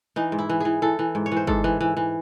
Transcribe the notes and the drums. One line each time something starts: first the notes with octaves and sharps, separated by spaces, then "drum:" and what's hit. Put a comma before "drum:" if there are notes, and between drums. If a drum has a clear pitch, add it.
E3 D#4
G#2
E4
E3
E3 G#4
E3 A4
E3
G#2
C#5
E3
C5
G#2 A4, drum: kick G1
E3
E3
E3